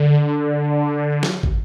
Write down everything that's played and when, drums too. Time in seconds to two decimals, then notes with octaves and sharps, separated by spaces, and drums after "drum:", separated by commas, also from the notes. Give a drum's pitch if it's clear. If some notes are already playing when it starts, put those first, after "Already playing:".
Already playing: D3
1.23 drum: snare
1.43 drum: kick